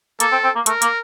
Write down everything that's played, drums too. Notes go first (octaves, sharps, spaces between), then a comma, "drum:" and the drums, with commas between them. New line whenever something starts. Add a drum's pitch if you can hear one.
A#3 A4, drum: hi-hat
C4
C4
A#3
A3 A#4, drum: hi-hat
A#3, drum: hi-hat